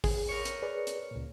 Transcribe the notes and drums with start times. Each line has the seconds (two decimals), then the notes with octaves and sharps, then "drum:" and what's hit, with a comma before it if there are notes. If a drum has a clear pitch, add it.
0.04 G#4, drum: kick A1, open hi-hat
0.29 A#4 C#5
0.45 drum: hi-hat
0.62 G#4 B4 D5
0.87 drum: hi-hat
1.11 C#2 A#2